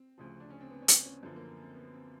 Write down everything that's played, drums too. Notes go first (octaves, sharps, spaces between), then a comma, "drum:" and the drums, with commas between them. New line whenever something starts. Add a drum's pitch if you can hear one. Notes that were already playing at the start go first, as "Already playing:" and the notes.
Already playing: C4
D2 C#3 F3
D4
C#4
C4
B3
C#4
C4, drum: hi-hat
C#4
F#2 D3 F3 B3
A#3
B3
C4
B3
C4